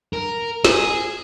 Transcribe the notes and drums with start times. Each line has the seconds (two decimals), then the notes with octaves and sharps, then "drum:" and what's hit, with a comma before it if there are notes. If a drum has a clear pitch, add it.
0.13 A#4
0.65 G#4, drum: snare